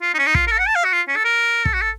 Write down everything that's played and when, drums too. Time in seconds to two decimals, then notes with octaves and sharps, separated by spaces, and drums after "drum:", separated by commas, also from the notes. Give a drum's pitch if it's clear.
0.02 F4
0.14 D#4
0.18 C#4
0.26 D#4
0.35 F4, drum: kick
0.47 A#4
0.51 A4
0.59 F#5
0.67 A5
0.75 F5
0.84 F#4
0.92 F4
1.08 C#4
1.16 A4
1.25 A#4
1.65 A4, drum: kick
1.74 F#4
1.81 A4